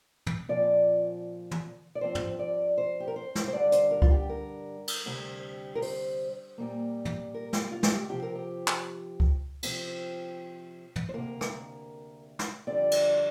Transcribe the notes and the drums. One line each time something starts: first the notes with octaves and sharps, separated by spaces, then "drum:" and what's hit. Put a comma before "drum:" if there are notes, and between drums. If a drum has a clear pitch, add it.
drum: tom
A#2 F3 C4 D5
drum: tom
D5
G2 F3 C4 C5
drum: tom
D5
C5
G4
A#4
C5
drum: snare
C5
G2 D3 G3 D5
C5, drum: hi-hat
A#4
F4, drum: kick C#2
G4
A#4
drum: cymbal
D2 C3 G3 C4
A#4
C5, drum: open hi-hat
A#2 G3 A#3
drum: tom
A#4
F4, drum: snare
F4
F4, drum: snare
G4
C3 F3 C4 G4
A#4
G4
drum: clap
drum: kick C#2
C3 F3 C4, drum: cymbal
drum: tom
C5
D2 C3 A#3 A#4
drum: rim click
drum: snare
F2 D3 G3 C4 D5
drum: cymbal